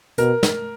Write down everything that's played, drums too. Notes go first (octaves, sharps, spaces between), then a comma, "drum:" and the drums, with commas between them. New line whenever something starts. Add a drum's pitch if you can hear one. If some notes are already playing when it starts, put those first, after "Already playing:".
B2 A#4, drum: hi-hat
drum: snare